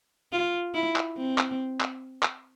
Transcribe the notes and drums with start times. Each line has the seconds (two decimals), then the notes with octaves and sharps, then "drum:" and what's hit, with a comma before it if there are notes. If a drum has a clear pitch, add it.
0.32 F4
0.74 E4
0.96 drum: clap
1.17 C4
1.38 drum: clap
1.81 drum: clap
2.23 drum: clap